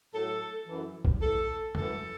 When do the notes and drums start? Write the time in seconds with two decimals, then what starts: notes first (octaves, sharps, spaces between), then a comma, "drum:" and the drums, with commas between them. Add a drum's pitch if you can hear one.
0.13 A2 F#3 A4
0.67 F#2 E3
1.05 drum: kick
1.21 A2 E3 A4
1.75 F#2 E3 A4, drum: tom